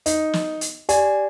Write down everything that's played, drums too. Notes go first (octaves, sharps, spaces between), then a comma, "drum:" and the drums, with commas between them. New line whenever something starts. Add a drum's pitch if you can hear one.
D#4, drum: hi-hat
drum: snare
drum: hi-hat
G4 D5 G#5, drum: hi-hat